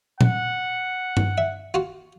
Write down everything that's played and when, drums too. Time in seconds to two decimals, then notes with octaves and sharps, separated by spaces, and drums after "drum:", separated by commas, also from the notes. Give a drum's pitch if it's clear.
0.21 F#5, drum: tom
1.17 drum: tom G2
1.38 E5
1.74 F4 F#4